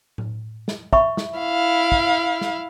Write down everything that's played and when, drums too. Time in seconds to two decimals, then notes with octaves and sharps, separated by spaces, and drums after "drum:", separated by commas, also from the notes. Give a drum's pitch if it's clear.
0.18 drum: tom A2
0.68 drum: snare
0.93 E5 B5 C#6, drum: kick
1.17 drum: snare
1.39 E4 F5
1.92 drum: kick
2.41 drum: snare